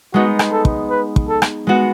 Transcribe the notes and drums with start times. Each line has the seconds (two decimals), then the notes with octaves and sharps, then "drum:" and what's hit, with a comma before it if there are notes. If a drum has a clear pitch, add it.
0.14 G#3 B3 D#4 F#4
0.39 drum: rim click
0.52 A4
0.65 drum: kick
0.90 B4
1.16 drum: kick
1.29 A4
1.42 drum: rim click
1.67 G#3 B3 F#4